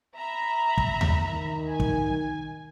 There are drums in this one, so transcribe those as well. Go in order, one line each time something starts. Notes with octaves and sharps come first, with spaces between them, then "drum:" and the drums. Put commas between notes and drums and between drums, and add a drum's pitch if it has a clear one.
E5 A#5 B5
drum: kick
drum: tom D#2
D#3
G#5
drum: kick